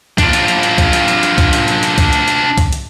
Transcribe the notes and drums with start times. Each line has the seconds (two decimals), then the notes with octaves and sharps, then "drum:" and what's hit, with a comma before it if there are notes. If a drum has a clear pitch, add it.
0.18 D4 F4, drum: kick, hi-hat
0.33 drum: hi-hat
0.48 drum: hi-hat
0.63 drum: hi-hat
0.78 drum: kick, hi-hat
0.93 drum: hi-hat
1.08 drum: hi-hat
1.23 drum: hi-hat
1.38 drum: kick, hi-hat
1.53 drum: hi-hat
1.68 drum: hi-hat
1.83 drum: hi-hat
1.98 drum: kick, hi-hat
2.13 drum: hi-hat
2.28 drum: hi-hat
2.58 drum: kick, hi-hat
2.73 drum: hi-hat